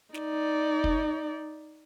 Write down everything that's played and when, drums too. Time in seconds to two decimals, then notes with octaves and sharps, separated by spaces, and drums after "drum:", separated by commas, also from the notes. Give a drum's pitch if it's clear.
0.14 D#4 D5, drum: snare
0.84 drum: kick